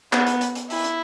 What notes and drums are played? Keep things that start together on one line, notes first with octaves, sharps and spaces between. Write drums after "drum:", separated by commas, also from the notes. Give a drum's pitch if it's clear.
B3, drum: clap
drum: hi-hat
drum: hi-hat
drum: hi-hat
E4, drum: open hi-hat
drum: hi-hat